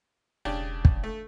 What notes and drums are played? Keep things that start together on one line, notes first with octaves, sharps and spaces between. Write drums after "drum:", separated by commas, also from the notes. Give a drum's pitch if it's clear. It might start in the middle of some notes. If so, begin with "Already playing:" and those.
E1 C#3 D4 G4
drum: kick
A3